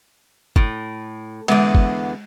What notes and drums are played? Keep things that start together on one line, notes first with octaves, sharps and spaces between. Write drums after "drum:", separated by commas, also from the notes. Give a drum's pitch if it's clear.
A2, drum: kick
E2 D3 G#3 B3, drum: cymbal
drum: kick